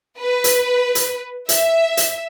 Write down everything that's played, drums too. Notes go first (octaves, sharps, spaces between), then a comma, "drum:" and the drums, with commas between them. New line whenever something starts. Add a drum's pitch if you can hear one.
B4
drum: hi-hat
drum: hi-hat
E5, drum: hi-hat
drum: hi-hat